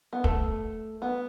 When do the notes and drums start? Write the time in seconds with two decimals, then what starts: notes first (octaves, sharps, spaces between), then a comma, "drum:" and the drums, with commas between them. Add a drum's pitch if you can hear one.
0.13 B3
0.24 A3, drum: kick
1.02 B3